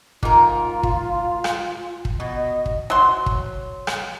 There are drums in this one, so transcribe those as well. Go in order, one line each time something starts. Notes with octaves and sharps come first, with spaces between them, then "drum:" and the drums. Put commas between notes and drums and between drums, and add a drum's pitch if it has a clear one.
G#2 F4 A#4, drum: kick
drum: kick
drum: rim click
drum: kick
B2 D#5
drum: kick
F#3 C6
drum: kick
drum: rim click